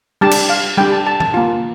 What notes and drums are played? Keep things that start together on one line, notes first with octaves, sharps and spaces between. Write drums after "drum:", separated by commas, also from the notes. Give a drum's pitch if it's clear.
G3 D4 G4 A5
drum: cymbal
F5
G3 D4 G4 G5
A5
A5
A5, drum: tom E3
A#3 F4